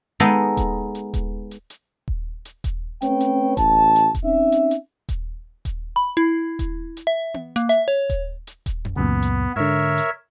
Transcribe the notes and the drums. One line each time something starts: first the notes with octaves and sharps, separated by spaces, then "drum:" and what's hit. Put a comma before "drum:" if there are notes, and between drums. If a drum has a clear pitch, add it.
G#3 B3 D#4 A4 D#5, drum: hi-hat
drum: kick D#1, hi-hat
drum: hi-hat
drum: kick D#1, hi-hat
drum: hi-hat
drum: hi-hat
drum: kick D#1
drum: hi-hat
drum: kick D#1, hi-hat
A3 C4 C#4 B4 C#5 G5, drum: hi-hat
drum: hi-hat
A1 A5, drum: kick D#1, hi-hat
drum: hi-hat
drum: kick D#1, hi-hat
C4 C#4 D#4 E5
drum: hi-hat
drum: hi-hat
drum: kick D#1, hi-hat
drum: kick D#1, hi-hat
B5
E4
drum: kick D#1, hi-hat
drum: hi-hat
E5
drum: tom B3
A#3, drum: hi-hat
E5, drum: hi-hat
C#5
drum: kick D#1, hi-hat
drum: hi-hat
drum: kick D#1, hi-hat
drum: tom F2
C#2 F#2 A#2 B3
drum: hi-hat
G#2 D3 A#4 C#5 E5
drum: hi-hat